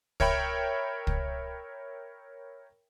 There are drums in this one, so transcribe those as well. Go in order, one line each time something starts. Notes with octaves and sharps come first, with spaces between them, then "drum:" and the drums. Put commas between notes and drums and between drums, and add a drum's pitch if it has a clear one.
A#4 C#5 E5 G5 B5, drum: kick
drum: kick